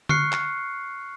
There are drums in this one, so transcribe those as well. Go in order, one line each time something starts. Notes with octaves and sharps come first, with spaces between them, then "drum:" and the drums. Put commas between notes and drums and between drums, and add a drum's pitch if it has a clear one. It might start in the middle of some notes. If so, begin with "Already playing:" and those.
C#6 F6 F#6 C7 C#7, drum: tom D3
drum: clap